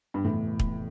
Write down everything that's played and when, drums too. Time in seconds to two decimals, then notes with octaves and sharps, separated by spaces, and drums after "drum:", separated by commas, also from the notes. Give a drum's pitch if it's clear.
0.14 G2
0.24 F2 A2 C3 E3 B3
0.60 drum: kick